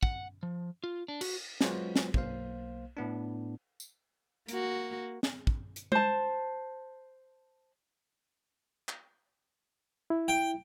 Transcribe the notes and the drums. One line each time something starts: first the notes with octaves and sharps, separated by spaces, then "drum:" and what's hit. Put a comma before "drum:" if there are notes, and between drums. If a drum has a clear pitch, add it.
F#5, drum: kick
F3
F4
D4
F#4, drum: cymbal
F#3 G#3 F4 F#4 B4 C5, drum: snare
drum: snare
B1 A#3 C5 F5, drum: kick
A2 B3 D4
drum: tambourine
A#3 F#4, drum: hi-hat
drum: snare
drum: kick
drum: hi-hat
C5 A5, drum: tom G#3
drum: clap
E4
G5